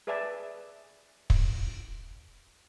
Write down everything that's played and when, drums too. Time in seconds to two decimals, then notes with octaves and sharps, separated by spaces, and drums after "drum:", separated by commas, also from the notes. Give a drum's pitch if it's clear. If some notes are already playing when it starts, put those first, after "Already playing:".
0.07 G#4 B4 D5 E5 G#5 A5
1.30 drum: kick